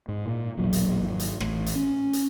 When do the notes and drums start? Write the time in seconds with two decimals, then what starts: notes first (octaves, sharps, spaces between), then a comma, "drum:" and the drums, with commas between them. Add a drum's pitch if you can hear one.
0.08 G#2
0.26 A#2
0.58 E1 A#1 A#2 F#3
0.73 drum: hi-hat
1.01 G#1
1.19 drum: hi-hat
1.40 A1 A2, drum: rim click
1.66 drum: hi-hat
1.75 C#4
2.13 drum: hi-hat